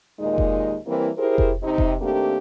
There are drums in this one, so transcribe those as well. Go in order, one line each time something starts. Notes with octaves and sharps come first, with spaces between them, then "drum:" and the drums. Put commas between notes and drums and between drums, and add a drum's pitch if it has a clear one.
D#2 A#2 G#3 D#4 D#5
drum: kick F1
E3 G3 A#3 C4 E4 A#4
E4 G4 G#4 A#4 C5
drum: kick F1
C3 D#4
drum: kick F1
D#2 A3 A#3 C4 D4 G4